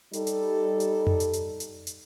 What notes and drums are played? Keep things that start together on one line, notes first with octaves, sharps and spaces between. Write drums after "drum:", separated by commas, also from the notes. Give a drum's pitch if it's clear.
G3 D#4 A4, drum: hi-hat
drum: hi-hat
drum: hi-hat
drum: tom F2
drum: hi-hat
drum: hi-hat
drum: hi-hat
drum: hi-hat